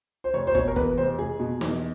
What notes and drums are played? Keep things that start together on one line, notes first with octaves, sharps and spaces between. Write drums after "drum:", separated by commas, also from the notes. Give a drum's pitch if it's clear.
C5
F1 C#5
C5
B2 C#5, drum: kick
A#4
E2 B4, drum: kick
F1 C5
F1 G#4
B2
E2, drum: snare